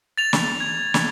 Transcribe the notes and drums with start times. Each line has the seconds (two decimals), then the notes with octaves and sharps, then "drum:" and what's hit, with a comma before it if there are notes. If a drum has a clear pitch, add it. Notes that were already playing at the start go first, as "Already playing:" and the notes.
0.18 A6 F7
0.33 drum: snare
0.60 G#6
0.94 drum: snare